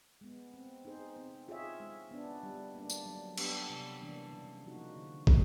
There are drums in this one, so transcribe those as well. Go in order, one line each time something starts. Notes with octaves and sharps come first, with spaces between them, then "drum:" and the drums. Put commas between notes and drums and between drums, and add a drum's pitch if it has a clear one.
G#3 B3
C4
D#4 G#4 C5
C4
F4 G#4 C#5 E5
G#3
B3 D4
G3
A#3 D4
drum: tambourine
F#3
B3 D4 G4 B4, drum: cymbal
C3
E3 G3 A#3 D4
C#3
F3 A#3 D#4 F#4
D3
A3, drum: kick